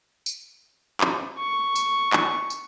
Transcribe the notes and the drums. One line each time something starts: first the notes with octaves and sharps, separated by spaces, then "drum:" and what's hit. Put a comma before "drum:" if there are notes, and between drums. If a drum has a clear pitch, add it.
drum: tambourine
drum: clap
C#6
drum: tambourine
drum: clap
drum: tambourine